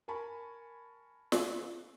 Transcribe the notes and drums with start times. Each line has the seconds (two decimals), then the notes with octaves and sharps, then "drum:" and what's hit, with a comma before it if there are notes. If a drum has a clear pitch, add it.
0.08 A#4 G#5 A5 B5 C#6
1.32 drum: snare